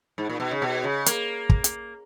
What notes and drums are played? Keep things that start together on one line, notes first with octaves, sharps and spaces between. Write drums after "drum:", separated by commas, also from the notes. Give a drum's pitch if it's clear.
G#2
A#2
B2
C#3
B2
C#3
A#3, drum: hi-hat
drum: kick
drum: hi-hat